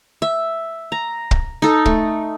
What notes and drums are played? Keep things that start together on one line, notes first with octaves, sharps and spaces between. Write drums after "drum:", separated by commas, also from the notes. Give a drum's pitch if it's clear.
E5
A#5
drum: kick
D#4 A4
A3, drum: kick